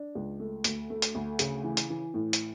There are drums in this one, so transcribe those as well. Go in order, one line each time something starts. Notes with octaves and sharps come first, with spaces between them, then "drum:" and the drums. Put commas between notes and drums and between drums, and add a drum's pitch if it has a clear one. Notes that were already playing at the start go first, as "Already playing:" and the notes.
Already playing: D4
C#2
A3
D2, drum: hi-hat
A3
drum: hi-hat
D2
C#3, drum: hi-hat
E3
drum: hi-hat
E3
A2
drum: hi-hat